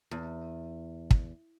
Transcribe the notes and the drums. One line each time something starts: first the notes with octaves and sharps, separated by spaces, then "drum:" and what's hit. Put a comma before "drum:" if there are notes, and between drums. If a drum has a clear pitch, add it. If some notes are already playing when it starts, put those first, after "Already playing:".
E2
drum: kick